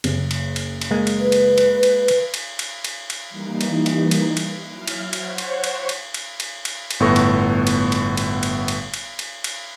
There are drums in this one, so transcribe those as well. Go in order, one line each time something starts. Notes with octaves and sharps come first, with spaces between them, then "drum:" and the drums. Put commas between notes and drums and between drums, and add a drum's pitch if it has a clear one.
F#1, drum: cymbal
drum: cymbal
drum: cymbal
drum: cymbal
G#3 A#3
drum: cymbal
B4
drum: cymbal
drum: cymbal
drum: cymbal
drum: cymbal
drum: cymbal
drum: cymbal
drum: cymbal
drum: cymbal
E3 G3 A#3 D#4
drum: cymbal
drum: cymbal
drum: cymbal
drum: cymbal
F#3 E4 F6
drum: cymbal
C5 C#5 F#5 C#6, drum: cymbal
drum: cymbal
drum: cymbal
drum: cymbal
drum: cymbal
drum: cymbal
drum: cymbal
drum: cymbal
G1 A2 B3 A4 C#6 A#6
drum: cymbal
drum: cymbal
drum: cymbal
drum: cymbal
drum: cymbal
drum: cymbal
drum: cymbal
drum: cymbal
drum: cymbal